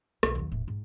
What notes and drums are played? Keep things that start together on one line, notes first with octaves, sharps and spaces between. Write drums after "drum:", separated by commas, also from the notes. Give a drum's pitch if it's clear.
B1, drum: rim click
D#2 F#3
E1 A2
G#2